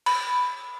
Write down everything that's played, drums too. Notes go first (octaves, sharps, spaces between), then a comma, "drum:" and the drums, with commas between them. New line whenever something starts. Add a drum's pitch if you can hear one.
B5, drum: cymbal